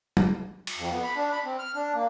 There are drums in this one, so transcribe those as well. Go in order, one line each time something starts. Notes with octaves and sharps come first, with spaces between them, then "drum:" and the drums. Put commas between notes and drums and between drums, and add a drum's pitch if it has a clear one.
drum: tom
drum: cymbal
F2
B3
B5
D4
B5
C4
F6
D4
A#3